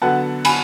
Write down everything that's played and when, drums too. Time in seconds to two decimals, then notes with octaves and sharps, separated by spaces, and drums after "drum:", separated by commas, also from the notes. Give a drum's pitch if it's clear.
0.02 D3 F#3 B3 F#5 A5
0.45 G#5 B5, drum: cymbal